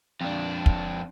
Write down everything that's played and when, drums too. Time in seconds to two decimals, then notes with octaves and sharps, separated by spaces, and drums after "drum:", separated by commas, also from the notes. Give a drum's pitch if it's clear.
0.21 F2 D4
0.66 drum: kick